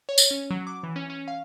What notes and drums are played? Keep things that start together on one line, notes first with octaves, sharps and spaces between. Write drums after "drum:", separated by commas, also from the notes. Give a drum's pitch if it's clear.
C#5
drum: tambourine
C#4
F#3
D6
E3
C#4
C#4
F5